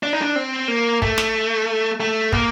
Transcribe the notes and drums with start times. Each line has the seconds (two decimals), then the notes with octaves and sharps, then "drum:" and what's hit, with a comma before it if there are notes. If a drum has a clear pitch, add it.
0.03 D4
0.13 D#4
0.22 D4
0.36 C4
0.68 A#3
1.02 A3, drum: kick
1.18 drum: snare
2.00 A3
2.32 A#3, drum: kick